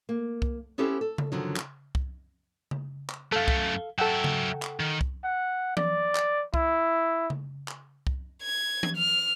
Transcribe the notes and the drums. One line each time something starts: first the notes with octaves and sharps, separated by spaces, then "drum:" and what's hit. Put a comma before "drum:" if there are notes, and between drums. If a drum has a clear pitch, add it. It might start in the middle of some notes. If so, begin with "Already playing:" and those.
A#3
drum: kick C2
B3 C#4 E4 G4 A4 C5
A4
drum: tom C#3
F#2 D3 D#3 F3 F#3
drum: clap
drum: kick C2
drum: tom C#3
drum: clap
F#2 A3 A4 F5
drum: kick C2
F#3 A4 E5 F#5 G5
drum: tom C#3
drum: clap
D#3
drum: kick C2
F#5
D5, drum: tom E3
drum: clap
E4, drum: kick C2
drum: tom C#3
drum: clap
drum: kick C2
G#6
drum: tom E3
F6